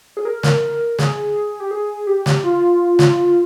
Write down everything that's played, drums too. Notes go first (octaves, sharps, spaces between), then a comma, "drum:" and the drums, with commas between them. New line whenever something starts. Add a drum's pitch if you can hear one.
G#4
A#4
drum: snare
G#4, drum: snare
G4
G#4
G4
drum: snare
F4
drum: snare